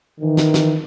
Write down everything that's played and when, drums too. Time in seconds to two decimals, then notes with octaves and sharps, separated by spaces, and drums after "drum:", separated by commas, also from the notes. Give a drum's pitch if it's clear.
0.21 D#3 E3
0.37 drum: snare
0.54 drum: snare